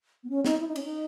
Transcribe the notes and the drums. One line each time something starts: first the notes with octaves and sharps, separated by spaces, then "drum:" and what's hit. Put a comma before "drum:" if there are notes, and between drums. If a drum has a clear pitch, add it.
B3
C#4
D#4, drum: snare C4
E4
D#4
C#4, drum: cymbal
D#4